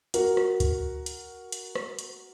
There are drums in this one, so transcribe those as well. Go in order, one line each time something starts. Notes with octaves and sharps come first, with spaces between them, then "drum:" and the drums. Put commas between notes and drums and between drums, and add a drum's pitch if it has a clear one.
F#4 A#4, drum: hi-hat
drum: rim click
drum: kick, hi-hat
drum: hi-hat
drum: hi-hat
drum: rim click
drum: hi-hat